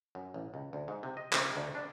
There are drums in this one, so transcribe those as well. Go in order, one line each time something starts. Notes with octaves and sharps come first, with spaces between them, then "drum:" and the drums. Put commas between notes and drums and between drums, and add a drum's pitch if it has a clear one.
F#2
A1
C#2
D2
G#2
C3
D#5
C#2, drum: clap
D2
D4